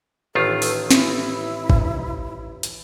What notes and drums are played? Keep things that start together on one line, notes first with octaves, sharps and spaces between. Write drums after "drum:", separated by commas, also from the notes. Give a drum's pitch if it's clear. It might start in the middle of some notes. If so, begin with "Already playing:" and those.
A1 D#3 F4 A4
drum: open hi-hat
E4, drum: snare
drum: kick G#1
drum: hi-hat